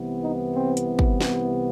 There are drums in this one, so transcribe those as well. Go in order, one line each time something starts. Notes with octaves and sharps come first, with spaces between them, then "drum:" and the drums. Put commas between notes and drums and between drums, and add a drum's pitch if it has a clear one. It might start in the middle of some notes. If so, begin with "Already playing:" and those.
Already playing: C2 C3 E3 B3
D#4
C4
drum: hi-hat
drum: kick
drum: snare